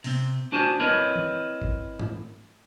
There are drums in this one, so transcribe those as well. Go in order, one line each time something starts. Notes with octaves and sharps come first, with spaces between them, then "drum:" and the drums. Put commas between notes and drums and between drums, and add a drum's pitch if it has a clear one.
C3 C4, drum: open hi-hat
D4 F#4 C5 G#5 A5
C4 E4 A#4 B4 C#5 D#5
drum: tom
drum: kick
drum: tom G#2